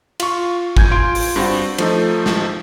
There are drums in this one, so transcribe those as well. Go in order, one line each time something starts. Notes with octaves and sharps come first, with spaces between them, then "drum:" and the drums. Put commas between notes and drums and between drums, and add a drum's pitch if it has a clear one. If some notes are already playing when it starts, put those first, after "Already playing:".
F4 C#6, drum: cymbal
G#5 G6 G#6, drum: kick
F4 C6 D7
drum: open hi-hat
G2 C4 F#4
F3 A3 D#4, drum: cymbal
drum: snare